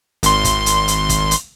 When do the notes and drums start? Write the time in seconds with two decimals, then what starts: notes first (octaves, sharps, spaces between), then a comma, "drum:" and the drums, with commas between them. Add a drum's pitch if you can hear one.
0.23 G#1 C6, drum: hi-hat
0.45 drum: kick, hi-hat
0.66 drum: hi-hat
0.88 drum: hi-hat
1.09 drum: kick, hi-hat
1.31 drum: hi-hat